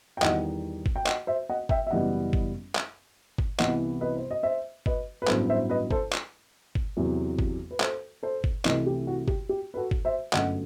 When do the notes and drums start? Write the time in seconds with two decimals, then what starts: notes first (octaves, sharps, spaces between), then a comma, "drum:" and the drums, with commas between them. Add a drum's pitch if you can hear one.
0.17 G5
0.22 E2 D#3 G3 D#5 F#5, drum: clap
0.86 drum: kick G1
0.96 G5
1.06 D#5 F#5, drum: clap
1.27 C5 E5
1.49 D#5 F#5
1.69 E5 G5, drum: kick G1
1.87 E5
1.91 F#1 F#2 E3 G3 B3 D#5 F#5
2.33 drum: kick G1
2.75 drum: clap
3.38 drum: kick G1
3.59 C2 C3 E3 B3 D#5 F#5, drum: clap
4.01 B4 D#5
4.17 C5
4.31 D#5
4.43 C5 E5
4.86 B4 D#5, drum: kick G1
5.22 B4
5.27 A1 G2 F#3 B3 A4 C5, drum: clap
5.50 C5 E5
5.70 B4 D#5
5.91 A4 C5, drum: kick G1
6.12 drum: clap
6.75 drum: kick G1
6.97 E2 C3 F#3
7.39 drum: kick G1
7.71 B4
7.80 A4 C5, drum: clap
8.23 A4 C5
8.44 drum: kick G1
8.65 C2 C3 E3 A3 B4 D#5, drum: clap
8.86 G4
9.07 F#4
9.28 G4, drum: kick G1
9.49 G4
9.74 B4
9.77 F#4 A4
9.91 drum: kick G1
10.05 C5 E5
10.33 G1 F#2 F#3 A3 D#5 F#5, drum: clap